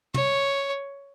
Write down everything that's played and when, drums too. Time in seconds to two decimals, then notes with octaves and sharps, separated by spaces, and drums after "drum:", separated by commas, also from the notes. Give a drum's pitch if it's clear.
0.14 C#5, drum: tom